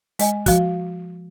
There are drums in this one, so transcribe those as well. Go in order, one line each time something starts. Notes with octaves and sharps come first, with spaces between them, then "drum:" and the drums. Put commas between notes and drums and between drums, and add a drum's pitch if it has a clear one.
G#3 D#5 G#5, drum: hi-hat
F3 F#4, drum: kick, hi-hat